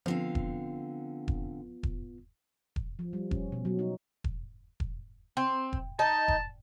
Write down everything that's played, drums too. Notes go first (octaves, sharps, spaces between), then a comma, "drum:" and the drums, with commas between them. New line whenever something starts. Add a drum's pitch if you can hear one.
D3 F3 B3 C4 F4 F5
drum: kick E1
drum: kick E1
drum: kick E1
drum: kick E1
F3
G3
C#4, drum: kick E1
B2
F#3
D#4
drum: kick E1
drum: kick E1
C4
drum: kick E1
D#4 A5
drum: kick E1